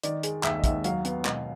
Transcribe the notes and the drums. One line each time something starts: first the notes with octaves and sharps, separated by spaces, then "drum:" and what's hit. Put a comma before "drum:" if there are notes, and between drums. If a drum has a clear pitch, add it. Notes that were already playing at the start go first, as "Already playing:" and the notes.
D#3 D5, drum: hi-hat
G#3, drum: hi-hat
D#2 E5, drum: clap
D#5
D#2 E5, drum: kick, hi-hat
F#3 F5, drum: hi-hat
B3, drum: hi-hat
B2, drum: clap